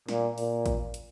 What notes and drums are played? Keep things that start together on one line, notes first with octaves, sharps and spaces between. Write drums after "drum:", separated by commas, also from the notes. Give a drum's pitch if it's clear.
A#2, drum: snare
A#2, drum: open hi-hat
drum: kick A1, hi-hat
drum: hi-hat